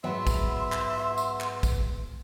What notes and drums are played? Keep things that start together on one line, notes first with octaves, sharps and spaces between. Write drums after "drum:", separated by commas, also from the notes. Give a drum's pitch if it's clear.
G#2 F#3 B3 E5 C6
drum: kick A#1, tambourine
drum: clap
drum: tambourine
drum: clap
drum: kick A#1, tambourine